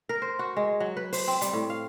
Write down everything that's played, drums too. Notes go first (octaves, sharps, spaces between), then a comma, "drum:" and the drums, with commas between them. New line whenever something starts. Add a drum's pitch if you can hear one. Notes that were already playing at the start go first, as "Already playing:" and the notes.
A#4
C5
F#4
G#3
F#3
B4
C5, drum: open hi-hat
C4
G3, drum: hi-hat
A2
F5